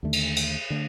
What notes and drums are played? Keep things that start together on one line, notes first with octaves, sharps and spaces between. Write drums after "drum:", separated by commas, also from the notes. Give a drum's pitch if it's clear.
D#2 D3 A3
drum: cymbal
drum: cymbal
D3 A3